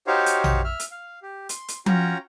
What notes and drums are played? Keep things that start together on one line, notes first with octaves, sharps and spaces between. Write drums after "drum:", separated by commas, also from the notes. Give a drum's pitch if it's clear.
D#4 F#4 G4 C5 C#5 F5
drum: hi-hat
drum: tom A#1
E5 F6
drum: hi-hat
F5
G4
C6, drum: hi-hat
drum: hi-hat
C#4 F4 F#4 C#5 G5 A#5, drum: tom F3